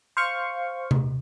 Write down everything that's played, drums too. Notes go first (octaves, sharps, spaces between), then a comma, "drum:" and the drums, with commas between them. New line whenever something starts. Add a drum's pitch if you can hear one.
C5 F5 C#6
drum: tom C3